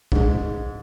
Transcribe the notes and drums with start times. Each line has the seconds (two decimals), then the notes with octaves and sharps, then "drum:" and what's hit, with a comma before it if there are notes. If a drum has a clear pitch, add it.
0.12 G#2, drum: kick